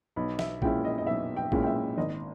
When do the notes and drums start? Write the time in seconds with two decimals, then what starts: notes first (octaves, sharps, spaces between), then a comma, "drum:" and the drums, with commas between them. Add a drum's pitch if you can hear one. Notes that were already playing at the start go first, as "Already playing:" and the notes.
0.16 B1 B5
0.39 E5, drum: snare
0.62 A#2 G#3 C#4 E4 G5, drum: kick A#1
0.85 D#5
0.98 D#5
1.07 B1 E5
1.36 G5
1.52 A#2 G#3 C#4 E4, drum: kick A#1
1.63 G5
1.67 E5
1.97 G#1 D#5